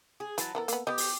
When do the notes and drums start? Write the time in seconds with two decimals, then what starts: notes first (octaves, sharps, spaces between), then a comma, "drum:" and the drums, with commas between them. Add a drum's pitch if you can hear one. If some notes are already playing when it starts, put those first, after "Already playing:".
0.20 G#4
0.38 E3 F#3 B4 A5, drum: hi-hat
0.55 E3 B3 A4 A#4
0.68 A#3 B3, drum: hi-hat
0.87 B3 G4 D#5
0.98 drum: open hi-hat